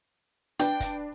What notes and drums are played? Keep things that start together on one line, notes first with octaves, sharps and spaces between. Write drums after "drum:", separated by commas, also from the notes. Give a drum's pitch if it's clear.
D4 B4 G5, drum: hi-hat
drum: kick, hi-hat